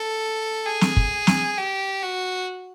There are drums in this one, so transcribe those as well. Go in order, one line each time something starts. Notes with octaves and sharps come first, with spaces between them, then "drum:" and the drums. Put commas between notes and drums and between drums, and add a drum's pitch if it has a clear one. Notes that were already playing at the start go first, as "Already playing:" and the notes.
Already playing: A4
G#4
drum: snare
drum: kick
drum: snare
G4
F#4